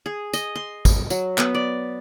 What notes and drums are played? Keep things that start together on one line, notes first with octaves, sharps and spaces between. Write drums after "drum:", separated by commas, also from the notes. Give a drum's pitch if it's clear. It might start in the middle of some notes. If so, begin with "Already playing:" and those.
G#4
D#5, drum: tambourine
C6
drum: kick, tambourine
F#3, drum: tambourine
B3, drum: clap
D5